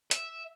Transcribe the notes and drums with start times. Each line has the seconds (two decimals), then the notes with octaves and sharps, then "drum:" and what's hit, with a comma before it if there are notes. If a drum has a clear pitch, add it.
0.11 E5, drum: hi-hat